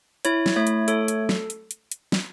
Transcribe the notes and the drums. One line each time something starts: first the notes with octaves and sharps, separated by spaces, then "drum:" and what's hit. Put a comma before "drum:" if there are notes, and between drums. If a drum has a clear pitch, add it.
E4 C#5, drum: hi-hat
drum: snare
A3 C#5
drum: hi-hat
A4 C#5, drum: hi-hat
drum: hi-hat
drum: snare
drum: hi-hat
drum: hi-hat
drum: hi-hat
drum: snare